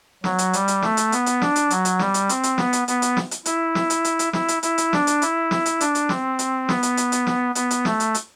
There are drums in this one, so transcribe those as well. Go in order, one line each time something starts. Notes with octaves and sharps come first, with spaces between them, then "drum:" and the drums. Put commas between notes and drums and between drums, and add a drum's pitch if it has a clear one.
F#3, drum: snare
drum: hi-hat
G3, drum: hi-hat
drum: hi-hat
A3, drum: snare
drum: hi-hat
B3, drum: hi-hat
drum: hi-hat
D4, drum: snare
drum: hi-hat
F#3, drum: hi-hat
drum: hi-hat
G3, drum: snare
drum: hi-hat
C4, drum: hi-hat
drum: hi-hat
B3, drum: snare
drum: hi-hat
B3, drum: hi-hat
drum: hi-hat
drum: snare
drum: hi-hat
E4, drum: hi-hat
drum: snare
drum: hi-hat
drum: hi-hat
drum: hi-hat
E4, drum: snare
drum: hi-hat
E4, drum: hi-hat
drum: hi-hat
D4, drum: snare
drum: hi-hat
E4, drum: hi-hat
drum: snare
drum: hi-hat
D4, drum: hi-hat
drum: hi-hat
C4, drum: snare
drum: hi-hat
B3, drum: snare
drum: hi-hat
drum: hi-hat
drum: hi-hat
drum: snare
B3, drum: hi-hat
drum: hi-hat
A3, drum: snare
drum: hi-hat
drum: hi-hat